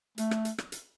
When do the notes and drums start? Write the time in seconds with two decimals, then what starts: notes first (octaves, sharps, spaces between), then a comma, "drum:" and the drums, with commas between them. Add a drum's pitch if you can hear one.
0.18 A3, drum: hi-hat
0.31 drum: rim click
0.45 drum: hi-hat
0.58 drum: rim click
0.72 drum: hi-hat